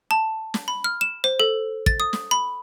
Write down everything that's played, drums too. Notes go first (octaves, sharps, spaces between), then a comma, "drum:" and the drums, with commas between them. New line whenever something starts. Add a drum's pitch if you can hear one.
A5
drum: snare
B5
F6
E7
C5
A4
A6, drum: kick
D#6
drum: snare
B5